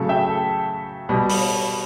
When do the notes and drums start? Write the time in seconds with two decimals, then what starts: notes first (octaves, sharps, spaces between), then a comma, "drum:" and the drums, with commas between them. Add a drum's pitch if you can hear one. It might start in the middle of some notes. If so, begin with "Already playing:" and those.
Already playing: C#3 F#3 A3
0.09 E5 G5
0.29 A4
1.09 B2 G3
1.29 drum: open hi-hat